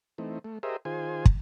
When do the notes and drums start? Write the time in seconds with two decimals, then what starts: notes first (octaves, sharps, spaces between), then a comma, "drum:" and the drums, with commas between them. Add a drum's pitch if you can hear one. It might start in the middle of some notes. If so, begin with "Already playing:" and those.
0.18 E3 A3 C4 D#4
0.44 A3
0.63 G4 G#4 A#4 C5 D#5 E5
0.85 D#3 F4 G#4 C5 G#5
1.25 drum: kick